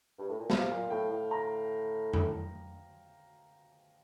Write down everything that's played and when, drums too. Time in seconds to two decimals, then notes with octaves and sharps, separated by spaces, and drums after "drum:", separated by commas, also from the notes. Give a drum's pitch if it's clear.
0.19 G2
0.29 A2
0.39 A#2
0.50 C3 F5, drum: snare
0.70 A#2
0.90 A2 G5
1.10 A2
1.31 A#5
2.13 A2, drum: tom F2